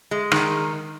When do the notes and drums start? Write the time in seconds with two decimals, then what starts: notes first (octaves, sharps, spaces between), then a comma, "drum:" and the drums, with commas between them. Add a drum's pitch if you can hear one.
0.11 G#3
0.31 D#3, drum: rim click